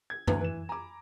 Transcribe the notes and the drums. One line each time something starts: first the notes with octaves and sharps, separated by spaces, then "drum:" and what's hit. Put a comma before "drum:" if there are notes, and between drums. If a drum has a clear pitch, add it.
G#6
D2 F#4 B4 A#5, drum: tom
E3 B4 E7
G#5 A#5 B5 D6